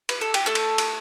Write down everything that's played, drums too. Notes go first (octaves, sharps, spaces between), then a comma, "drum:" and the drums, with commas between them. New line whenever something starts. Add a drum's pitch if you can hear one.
B4, drum: cymbal
A4
G4, drum: cymbal
A3 A4
drum: cymbal
drum: cymbal